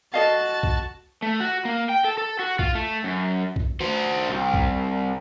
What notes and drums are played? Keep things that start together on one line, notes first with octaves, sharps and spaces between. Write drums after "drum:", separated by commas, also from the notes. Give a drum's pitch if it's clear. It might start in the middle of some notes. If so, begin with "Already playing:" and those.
F#4 A4 D#5 F5 A5
drum: kick B1
A3
F#4
A#3
G5
A4
A4
F#4
F4, drum: kick B1
A3
F#2
drum: kick B1
F#4 C5
C2
drum: kick B1